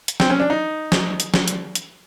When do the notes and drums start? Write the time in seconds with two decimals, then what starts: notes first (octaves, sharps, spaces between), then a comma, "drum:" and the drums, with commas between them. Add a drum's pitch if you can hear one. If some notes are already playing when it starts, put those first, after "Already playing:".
0.08 drum: hi-hat
0.20 C4, drum: snare
0.30 C#4
0.40 D4
0.50 D#4
0.92 drum: snare
1.20 drum: hi-hat
1.34 drum: snare
1.48 drum: hi-hat
1.75 drum: hi-hat